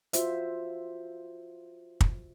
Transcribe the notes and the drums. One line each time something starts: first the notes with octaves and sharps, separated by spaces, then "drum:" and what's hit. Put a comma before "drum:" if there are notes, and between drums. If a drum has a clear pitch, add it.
F4 F#4 C5 E5, drum: hi-hat
drum: kick